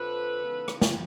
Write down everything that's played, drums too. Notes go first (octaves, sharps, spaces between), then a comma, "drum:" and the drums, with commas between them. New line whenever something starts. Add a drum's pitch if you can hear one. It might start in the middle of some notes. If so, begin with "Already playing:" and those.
Already playing: F2 D3 F3 A4 B4
C#3 E3 G#3 B3 D#4
drum: rim click
drum: snare